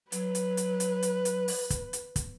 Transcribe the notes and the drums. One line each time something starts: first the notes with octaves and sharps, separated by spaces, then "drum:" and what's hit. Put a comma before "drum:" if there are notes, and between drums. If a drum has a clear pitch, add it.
F#3 B4, drum: hi-hat
drum: hi-hat
drum: hi-hat
drum: hi-hat
drum: hi-hat
drum: hi-hat
drum: open hi-hat
drum: kick, hi-hat
drum: hi-hat
drum: kick, hi-hat